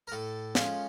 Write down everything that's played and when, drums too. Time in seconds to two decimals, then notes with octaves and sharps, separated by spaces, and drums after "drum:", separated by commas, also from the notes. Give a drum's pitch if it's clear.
0.07 A#4
0.12 A2 A4
0.55 F3 G#3 C#4, drum: snare